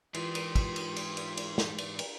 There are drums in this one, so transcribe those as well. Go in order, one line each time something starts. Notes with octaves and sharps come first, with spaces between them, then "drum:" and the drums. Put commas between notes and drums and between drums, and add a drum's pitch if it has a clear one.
G#2 E3 F4 G4 G#4 B4 C6, drum: cymbal
drum: cymbal
drum: kick, cymbal
drum: cymbal
drum: cymbal
drum: cymbal
drum: cymbal
drum: snare
drum: cymbal
drum: cymbal